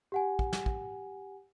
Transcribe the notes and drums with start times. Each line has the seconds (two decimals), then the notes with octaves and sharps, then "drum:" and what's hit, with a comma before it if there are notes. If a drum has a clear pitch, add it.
0.12 G4 F#5 G#5
0.39 drum: kick
0.53 drum: snare
0.66 drum: kick